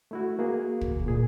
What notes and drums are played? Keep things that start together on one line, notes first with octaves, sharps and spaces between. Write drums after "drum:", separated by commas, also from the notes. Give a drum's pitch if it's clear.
A3 E4 F#4
A#3 F#4 G#4
drum: kick
A#2 G#4